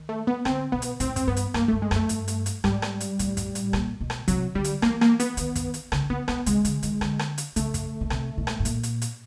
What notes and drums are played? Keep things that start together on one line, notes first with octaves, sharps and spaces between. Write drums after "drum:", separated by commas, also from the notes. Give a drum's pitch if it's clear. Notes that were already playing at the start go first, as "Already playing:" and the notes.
Already playing: D#3
A3
B3
D3 C4, drum: rim click
B2 B3
drum: hi-hat
A2 C4, drum: hi-hat
C4, drum: kick, hi-hat
G2 B3
drum: hi-hat
G2 A#3, drum: rim click
G2 A3
G#3
F#2, drum: rim click
A3
G2, drum: hi-hat
drum: hi-hat
drum: hi-hat
G#2 G3, drum: rim click
drum: rim click
drum: hi-hat
A2, drum: hi-hat
drum: kick, hi-hat
drum: hi-hat
A#2, drum: rim click
B2
drum: rim click
C3 F#3, drum: hi-hat
D3 G3
drum: hi-hat
E3 A#3, drum: rim click
A#3, drum: rim click
B3, drum: hi-hat
D#3, drum: hi-hat
drum: kick, hi-hat
drum: hi-hat
C#3, drum: rim click
C#3 B3
B2 B3, drum: rim click
C3 G#3, drum: hi-hat
D3, drum: hi-hat
D#3, drum: hi-hat
D3, drum: rim click
drum: rim click
drum: hi-hat
C#3 A3, drum: hi-hat
drum: kick, hi-hat
B2
C3, drum: rim click
B2
drum: rim click
A2
A#2, drum: hi-hat
drum: hi-hat
drum: hi-hat